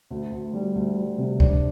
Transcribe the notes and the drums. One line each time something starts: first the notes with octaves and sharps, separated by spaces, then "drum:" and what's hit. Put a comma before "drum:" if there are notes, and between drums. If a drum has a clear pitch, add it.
D2
D2
G3
D2
G3
C3
D4, drum: kick C#2